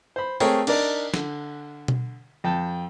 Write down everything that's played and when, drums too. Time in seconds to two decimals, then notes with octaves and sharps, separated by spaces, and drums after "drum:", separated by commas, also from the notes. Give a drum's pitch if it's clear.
0.16 C5 B5
0.40 A3 C4 G#4 A#4 C#5 G5, drum: open hi-hat
0.67 D4 D#4 A#4 D5, drum: cymbal
1.14 D3, drum: snare
1.88 drum: tom B2
2.44 F2 G5 A5